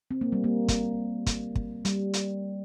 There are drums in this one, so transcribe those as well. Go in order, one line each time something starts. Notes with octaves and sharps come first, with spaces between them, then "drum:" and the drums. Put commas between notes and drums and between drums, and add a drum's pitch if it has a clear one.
C4
A#3
G3
A#3
drum: kick, hi-hat
drum: kick, hi-hat
drum: kick
G3, drum: hi-hat
drum: hi-hat